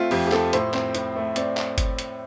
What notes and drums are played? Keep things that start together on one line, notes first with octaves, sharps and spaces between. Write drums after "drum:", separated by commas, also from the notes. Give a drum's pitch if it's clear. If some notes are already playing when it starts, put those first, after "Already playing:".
Already playing: A3 C4 F4
F2 G4, drum: open hi-hat
G4
F3 A4, drum: clap
A2 C5, drum: hi-hat
C4, drum: clap
A2, drum: hi-hat
A3
C4 D5, drum: hi-hat
drum: clap
drum: kick G1, hi-hat
drum: hi-hat